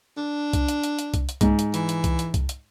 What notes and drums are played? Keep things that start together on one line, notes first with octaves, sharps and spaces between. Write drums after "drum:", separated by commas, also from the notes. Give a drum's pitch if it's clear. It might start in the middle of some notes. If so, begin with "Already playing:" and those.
D4
drum: kick C2, hi-hat
drum: hi-hat
drum: hi-hat
drum: hi-hat
drum: kick C2, hi-hat
drum: hi-hat
G#2, drum: kick C2, hi-hat
drum: hi-hat
E3, drum: hi-hat
drum: hi-hat
drum: kick C2, hi-hat
drum: hi-hat
drum: kick C2, hi-hat
drum: hi-hat